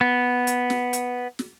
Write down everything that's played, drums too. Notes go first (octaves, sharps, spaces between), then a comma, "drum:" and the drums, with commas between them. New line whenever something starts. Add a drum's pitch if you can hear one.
B3
drum: hi-hat
drum: snare
drum: hi-hat
drum: snare